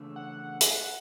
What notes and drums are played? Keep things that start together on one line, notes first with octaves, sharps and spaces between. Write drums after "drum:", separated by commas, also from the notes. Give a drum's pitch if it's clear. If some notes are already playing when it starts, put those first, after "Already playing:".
Already playing: C#3 E3 A3 D4 A4
F#5
drum: hi-hat